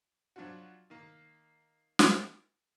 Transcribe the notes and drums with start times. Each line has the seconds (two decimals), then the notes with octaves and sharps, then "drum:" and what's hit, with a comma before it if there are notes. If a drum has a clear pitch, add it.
0.36 F3 F#3 D4 F4 F#4
0.90 D#3 A#3
1.99 drum: snare